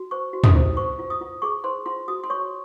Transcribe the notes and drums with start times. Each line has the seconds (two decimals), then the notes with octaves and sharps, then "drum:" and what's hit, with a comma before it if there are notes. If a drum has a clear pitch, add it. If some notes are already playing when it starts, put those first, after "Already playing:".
Already playing: F#4
0.11 C5 C#6
0.33 F#4
0.44 D#6, drum: tom
0.56 C5
0.77 C5 C#6
0.99 F4
1.10 D#6
1.21 F4
1.42 G#4 C#6
1.64 C5 C6
1.86 F4 C6
2.08 F#4 D#6
2.24 C6
2.30 C#5 C#6